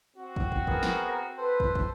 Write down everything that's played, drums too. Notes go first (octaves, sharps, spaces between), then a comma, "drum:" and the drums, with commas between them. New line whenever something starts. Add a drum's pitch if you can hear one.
C4 F#4
drum: kick
drum: kick
B3 G#4 A#4, drum: kick
drum: snare
A4 B4 C5
drum: kick
drum: kick